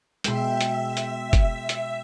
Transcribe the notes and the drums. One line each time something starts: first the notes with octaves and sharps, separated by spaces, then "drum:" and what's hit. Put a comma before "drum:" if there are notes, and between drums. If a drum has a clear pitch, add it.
B2 G#3 E5 G5 C6, drum: hi-hat
drum: hi-hat
drum: hi-hat
drum: kick, hi-hat
drum: hi-hat